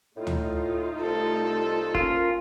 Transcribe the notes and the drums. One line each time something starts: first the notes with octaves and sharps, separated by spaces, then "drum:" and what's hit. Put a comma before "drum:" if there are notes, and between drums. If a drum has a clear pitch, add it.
A2 A3 D#4 F4
drum: tom D2
C2 A4
A#3 C#4 F4 A#4, drum: kick G1